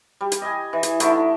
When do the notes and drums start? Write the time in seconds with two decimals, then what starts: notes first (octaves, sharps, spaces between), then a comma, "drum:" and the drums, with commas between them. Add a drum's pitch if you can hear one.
0.21 G3
0.32 drum: hi-hat
0.42 D#5 G#5
0.73 E3
0.83 drum: hi-hat
1.00 D3 A3 D#4 E4, drum: hi-hat
1.12 E4